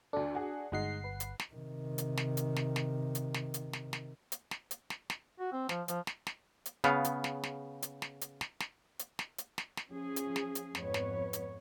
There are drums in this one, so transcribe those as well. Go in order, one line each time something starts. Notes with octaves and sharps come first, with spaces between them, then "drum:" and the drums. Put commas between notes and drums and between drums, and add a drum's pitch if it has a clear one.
D2 D4 A4
F#4 G#4
G1 G#3 D#4 F#5 C7
B4
drum: hi-hat
drum: snare
C3 D#3
drum: hi-hat
drum: snare
drum: hi-hat
drum: snare
drum: snare
drum: hi-hat
drum: snare
drum: hi-hat
drum: snare
drum: snare
drum: hi-hat
drum: snare
drum: hi-hat
drum: snare
drum: snare
F#4
C4
F3, drum: snare
F3, drum: hi-hat
drum: snare
drum: snare
drum: hi-hat
C#3 B3 F5, drum: snare
drum: hi-hat
drum: snare
drum: snare
drum: hi-hat
drum: snare
drum: hi-hat
drum: snare
drum: snare
drum: hi-hat
drum: snare
drum: hi-hat
drum: snare
drum: snare
F3 C#4 G#4
drum: hi-hat
drum: snare
drum: hi-hat
F2 G#2 B3 B4 C#5, drum: snare
drum: snare
drum: hi-hat